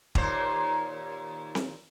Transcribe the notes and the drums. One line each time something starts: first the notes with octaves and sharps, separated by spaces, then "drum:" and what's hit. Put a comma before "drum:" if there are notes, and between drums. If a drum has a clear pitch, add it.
D#2 A#2 C5, drum: kick
drum: snare C4